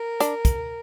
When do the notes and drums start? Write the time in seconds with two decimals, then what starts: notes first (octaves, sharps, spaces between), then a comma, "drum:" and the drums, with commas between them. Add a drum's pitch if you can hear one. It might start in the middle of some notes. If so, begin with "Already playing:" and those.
Already playing: A#4
0.20 D4, drum: hi-hat
0.45 drum: kick, hi-hat